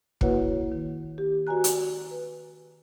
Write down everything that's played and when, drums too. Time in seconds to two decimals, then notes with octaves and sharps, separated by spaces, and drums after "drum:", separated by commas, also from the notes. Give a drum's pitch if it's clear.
0.21 A#3 E4 F#4 B4 C#5 F#5, drum: kick
0.72 D#3
1.18 G4
1.47 F#4 B4 D5 G#5 A#5 F#6
1.64 drum: hi-hat
2.11 B4